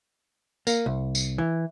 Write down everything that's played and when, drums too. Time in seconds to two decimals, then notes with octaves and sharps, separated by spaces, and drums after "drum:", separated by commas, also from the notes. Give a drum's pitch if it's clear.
0.67 A#3, drum: tambourine
0.86 C2
1.15 drum: tambourine
1.38 E3